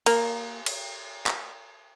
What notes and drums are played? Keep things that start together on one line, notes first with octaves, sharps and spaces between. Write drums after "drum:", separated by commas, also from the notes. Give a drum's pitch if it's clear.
A#3, drum: cymbal
drum: cymbal
drum: clap